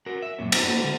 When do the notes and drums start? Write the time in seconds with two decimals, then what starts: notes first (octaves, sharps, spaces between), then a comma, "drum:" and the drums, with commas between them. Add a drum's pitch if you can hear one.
0.06 F#4 A#4
0.22 E5
0.39 F#2 A#2 C#4
0.52 A3 B3 D#4, drum: cymbal
0.65 A#3 B3 D4
0.82 D3 G#3